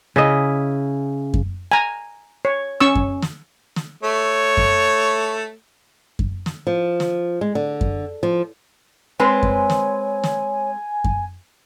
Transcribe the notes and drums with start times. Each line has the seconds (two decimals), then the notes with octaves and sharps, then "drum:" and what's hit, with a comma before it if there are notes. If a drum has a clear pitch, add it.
0.16 C#3 E4 D#5
1.34 drum: kick F#2
1.72 G#5 A#5
2.45 C#5
2.81 C#4 C#6 E6
2.95 drum: kick F#2
3.22 drum: snare
3.76 drum: snare
4.03 A3 C#5
4.57 drum: kick F#2
6.19 drum: kick F#2
6.46 drum: snare
6.67 F3
7.00 drum: snare
7.41 G#3
7.55 D3
7.81 drum: kick F#2
8.23 F3
9.20 G#3 C4 B4 C#5 G#5
9.43 drum: kick F#2
9.70 drum: snare
10.24 drum: snare
11.04 drum: kick F#2